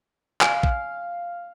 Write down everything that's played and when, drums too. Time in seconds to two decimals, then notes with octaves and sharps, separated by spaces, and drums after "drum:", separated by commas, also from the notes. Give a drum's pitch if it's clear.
0.41 F5 G#5, drum: clap
0.63 drum: kick